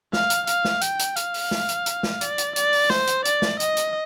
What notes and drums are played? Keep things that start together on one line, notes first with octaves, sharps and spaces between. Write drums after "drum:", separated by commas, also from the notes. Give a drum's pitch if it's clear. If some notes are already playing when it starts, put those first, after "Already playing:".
F5, drum: snare
drum: hi-hat
F5, drum: hi-hat
drum: snare
G5, drum: hi-hat
drum: hi-hat
F5, drum: hi-hat
drum: open hi-hat
drum: snare
drum: hi-hat
drum: hi-hat
drum: snare
D5, drum: hi-hat
drum: hi-hat
D5, drum: hi-hat
drum: open hi-hat
C5, drum: snare
drum: hi-hat
D5, drum: hi-hat
drum: snare
D#5, drum: hi-hat
drum: hi-hat